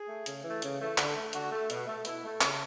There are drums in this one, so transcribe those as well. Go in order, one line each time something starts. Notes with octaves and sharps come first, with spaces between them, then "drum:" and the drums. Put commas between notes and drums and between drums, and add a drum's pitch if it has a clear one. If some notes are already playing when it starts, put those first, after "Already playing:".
Already playing: G#4
A3
C#3, drum: hi-hat
E3 A3
C#3, drum: hi-hat
E3 A3
D3, drum: clap
A3
D3 F#4, drum: hi-hat
A3
B2, drum: hi-hat
A3
B2 E4, drum: hi-hat
A3
C#3, drum: clap